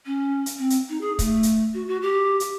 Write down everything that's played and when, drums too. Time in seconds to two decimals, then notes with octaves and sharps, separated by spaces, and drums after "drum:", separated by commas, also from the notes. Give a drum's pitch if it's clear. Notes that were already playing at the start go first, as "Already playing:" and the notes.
0.06 C#4
0.46 drum: hi-hat
0.59 C4
0.70 drum: hi-hat
0.89 D#4
1.01 G#4
1.19 A3, drum: kick, hi-hat
1.43 drum: hi-hat
1.74 F#4
1.87 F#4
2.02 G4
2.40 drum: hi-hat